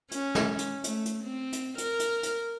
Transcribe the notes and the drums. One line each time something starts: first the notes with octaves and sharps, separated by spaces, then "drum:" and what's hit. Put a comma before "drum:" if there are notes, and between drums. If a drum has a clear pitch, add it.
C#4, drum: hi-hat
drum: snare
drum: hi-hat
A3, drum: hi-hat
drum: hi-hat
C4
drum: hi-hat
A#4, drum: hi-hat
drum: hi-hat
drum: hi-hat